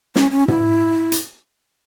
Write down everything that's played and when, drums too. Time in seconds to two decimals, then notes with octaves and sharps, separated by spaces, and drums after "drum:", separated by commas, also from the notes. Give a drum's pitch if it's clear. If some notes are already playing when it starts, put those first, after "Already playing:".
0.16 C#4, drum: snare
0.31 C#4
0.48 E4, drum: tom
1.12 drum: hi-hat